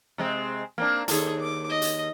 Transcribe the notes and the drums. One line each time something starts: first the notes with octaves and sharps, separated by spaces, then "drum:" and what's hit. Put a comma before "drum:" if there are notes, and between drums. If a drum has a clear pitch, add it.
C3 G#3 C4
A#3 C4 D4
D#2 A2 G#4 A4, drum: hi-hat
D6
D#5
drum: hi-hat